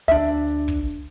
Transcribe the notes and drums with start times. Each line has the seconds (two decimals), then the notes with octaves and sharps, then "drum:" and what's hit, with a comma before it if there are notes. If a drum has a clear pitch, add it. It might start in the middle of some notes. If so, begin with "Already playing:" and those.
0.08 D2 D4 E5, drum: hi-hat
0.28 drum: hi-hat
0.48 drum: hi-hat
0.68 drum: kick, hi-hat
0.88 drum: hi-hat